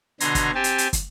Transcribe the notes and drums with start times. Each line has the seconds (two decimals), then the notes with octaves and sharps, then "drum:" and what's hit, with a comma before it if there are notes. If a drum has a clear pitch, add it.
0.20 B2 D3 G#5 A#5 C6, drum: hi-hat
0.35 drum: kick, hi-hat
0.55 C4 G4 G#5 A5
0.64 drum: hi-hat
0.78 drum: hi-hat
0.93 drum: kick, hi-hat